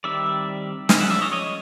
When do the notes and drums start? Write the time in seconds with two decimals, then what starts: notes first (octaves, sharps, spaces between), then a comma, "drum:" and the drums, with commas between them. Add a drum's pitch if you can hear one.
0.04 D#3 G3 C4 D5 E5
0.89 F3 G#3 C#4 D#5 F5, drum: snare
1.00 E5 F#5
1.10 D5 E5
1.22 C#5 D#5
1.32 C#5 D#5